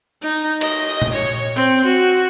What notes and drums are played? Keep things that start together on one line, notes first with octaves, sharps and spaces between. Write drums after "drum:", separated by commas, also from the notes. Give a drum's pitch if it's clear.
D#4
D#5, drum: cymbal
drum: tom A#2
C#5
C4
F#4